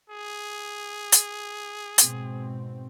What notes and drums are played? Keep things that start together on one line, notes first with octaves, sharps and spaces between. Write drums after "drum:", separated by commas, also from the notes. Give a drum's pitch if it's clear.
G#4
drum: hi-hat
G#2 B2 C4, drum: hi-hat